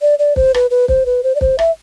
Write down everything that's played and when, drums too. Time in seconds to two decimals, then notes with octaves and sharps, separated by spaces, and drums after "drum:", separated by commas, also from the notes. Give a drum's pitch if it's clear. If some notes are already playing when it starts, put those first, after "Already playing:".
0.02 D5
0.19 D5
0.36 C5, drum: kick
0.54 B4, drum: rim click
0.71 B4
0.88 C5, drum: kick
1.06 B4
1.23 C5
1.35 D5
1.41 C5, drum: kick
1.59 E5, drum: rim click